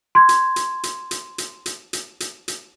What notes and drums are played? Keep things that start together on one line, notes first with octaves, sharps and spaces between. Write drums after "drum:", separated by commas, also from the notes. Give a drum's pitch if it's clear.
C6 G#6
drum: hi-hat
drum: hi-hat
drum: hi-hat
drum: hi-hat
drum: hi-hat
drum: hi-hat
drum: hi-hat
drum: hi-hat
drum: hi-hat